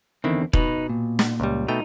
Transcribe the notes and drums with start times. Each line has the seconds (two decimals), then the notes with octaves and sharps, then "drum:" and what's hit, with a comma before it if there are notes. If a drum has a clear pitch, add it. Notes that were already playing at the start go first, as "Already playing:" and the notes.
0.24 E2 D3 D#3 C4 E4
0.53 B2 D#4 B4, drum: kick E1
0.89 A#2
1.19 drum: snare
1.40 C#2 G3
1.68 B2 A3 D#4 G5